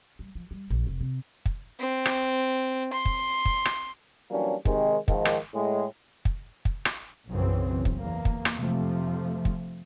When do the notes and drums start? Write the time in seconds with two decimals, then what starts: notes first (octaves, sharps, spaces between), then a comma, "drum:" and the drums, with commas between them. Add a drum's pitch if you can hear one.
0.19 G3
0.35 F3
0.51 G3
0.70 A#1
0.87 F1
1.01 C3
1.46 drum: kick
1.80 C4
2.06 drum: rim click
2.93 C6
3.05 drum: kick
3.45 drum: kick
3.65 drum: rim click
4.31 E3 F#3 G3 A#3 C#4 D4
4.65 C3 D#3 G#3, drum: kick
5.08 G#2 D#3 F3, drum: kick
5.25 drum: rim click
5.54 A2 G#3
6.25 drum: kick
6.65 drum: kick
6.85 drum: rim click
7.29 B1 F#2 C#3 E3 F#3 C4
7.85 drum: kick
7.97 E2 A#3
8.25 drum: kick
8.45 drum: rim click
8.56 F2 C3 F3 A3
9.45 drum: kick